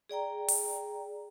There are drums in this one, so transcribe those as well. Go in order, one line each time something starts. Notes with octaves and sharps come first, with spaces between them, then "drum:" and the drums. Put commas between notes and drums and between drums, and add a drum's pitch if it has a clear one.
G#4 D5 G5 A#5
drum: open hi-hat